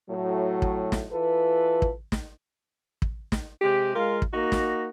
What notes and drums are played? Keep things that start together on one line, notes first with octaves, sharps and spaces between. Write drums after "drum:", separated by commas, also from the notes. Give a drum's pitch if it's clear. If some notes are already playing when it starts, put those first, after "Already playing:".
A2 F#3
drum: kick
drum: snare
E3 F4 A4 B4
drum: kick
drum: snare
drum: kick
drum: snare
C3 G#3 G4
G#3 F4 A#4 F5
drum: kick
A#3 D#4 F#4
drum: snare